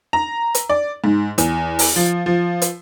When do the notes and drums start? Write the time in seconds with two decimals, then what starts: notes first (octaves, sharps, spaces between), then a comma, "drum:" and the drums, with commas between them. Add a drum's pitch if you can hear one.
0.13 A#5
0.55 drum: hi-hat
0.70 D5
1.04 G#2
1.38 E2, drum: hi-hat
1.79 drum: open hi-hat
1.96 F3
2.26 F3
2.62 drum: hi-hat